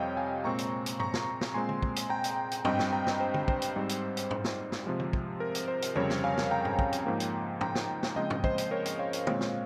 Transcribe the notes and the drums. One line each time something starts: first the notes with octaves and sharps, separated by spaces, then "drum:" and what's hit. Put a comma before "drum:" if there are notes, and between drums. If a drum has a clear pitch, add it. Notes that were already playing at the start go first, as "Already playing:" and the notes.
Already playing: F2 C3 G3 C#5 D#5 F5 G5
F5 G#5
A#2 G#3 C4 A#5 C#6
drum: hi-hat
drum: hi-hat
A#5 C#6, drum: tom G2
drum: snare
drum: snare
A#2 G#3 C4 G#5 C6
drum: tom
drum: kick
drum: hi-hat
G5 A#5
drum: hi-hat
drum: hi-hat
G2 G3 C4 D#5 G5, drum: tom
drum: snare
G5 A#5
drum: snare
C5
drum: tom
C5, drum: kick
drum: hi-hat
G#2 G3 C4
drum: hi-hat
drum: hi-hat
drum: tom
drum: snare
drum: snare
C3 F3 G#3
drum: tom
drum: kick
A#4
drum: hi-hat
C5
drum: hi-hat
F2 C#3 G3 C4 A#4 C#5, drum: tom
drum: snare
F5 G#5
drum: snare
G5 A#5
drum: tom G2
drum: kick
drum: hi-hat
G#2 F3 A#3
drum: hi-hat
G5 A#5, drum: tom
drum: snare
drum: snare
C#3 F3 G#3 C4 D#5 G5
drum: tom
C5 D#5, drum: kick
drum: hi-hat
A#4 C#5
drum: hi-hat
C#5 F5
drum: hi-hat
A#2 G#3 C4, drum: tom
drum: snare